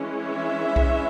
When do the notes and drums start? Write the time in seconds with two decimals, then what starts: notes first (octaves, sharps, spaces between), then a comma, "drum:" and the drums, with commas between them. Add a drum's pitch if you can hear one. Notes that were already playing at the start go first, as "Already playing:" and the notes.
Already playing: E3 G#3 C#4
0.26 E5
0.76 drum: kick B1